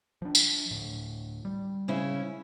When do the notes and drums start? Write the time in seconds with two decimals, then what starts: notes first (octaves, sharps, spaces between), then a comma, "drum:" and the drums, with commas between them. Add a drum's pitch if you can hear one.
0.22 F3 D4
0.35 drum: tambourine
0.71 D2 A2
1.45 G3
1.88 C#3 C#4 E4